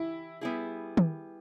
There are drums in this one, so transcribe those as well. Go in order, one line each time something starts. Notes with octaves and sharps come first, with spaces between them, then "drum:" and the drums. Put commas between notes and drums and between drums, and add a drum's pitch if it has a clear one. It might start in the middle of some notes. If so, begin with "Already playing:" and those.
Already playing: E3 E4 G4
G3 B3 E4 G#4
drum: tom D#3